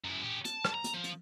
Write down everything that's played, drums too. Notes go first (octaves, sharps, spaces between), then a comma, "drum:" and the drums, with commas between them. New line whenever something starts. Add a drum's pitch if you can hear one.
F#2 E4
C#4 G4
A5, drum: hi-hat
drum: rim click
A#5
drum: hi-hat
F3
drum: hi-hat